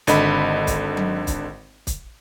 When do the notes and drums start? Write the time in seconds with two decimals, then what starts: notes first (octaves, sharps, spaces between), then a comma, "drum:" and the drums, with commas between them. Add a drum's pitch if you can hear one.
0.07 G#1 D3 D#5 B5, drum: hi-hat
0.67 drum: kick, hi-hat
0.97 drum: tom F#3
1.27 drum: kick, hi-hat
1.87 drum: kick, hi-hat